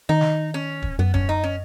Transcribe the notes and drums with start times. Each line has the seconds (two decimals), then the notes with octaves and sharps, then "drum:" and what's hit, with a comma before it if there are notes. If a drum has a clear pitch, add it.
0.09 D#3 D#4
0.21 drum: snare
0.54 C#4
0.82 drum: kick
0.99 F#2 B3
1.14 C#4, drum: kick
1.29 D#4
1.44 C#4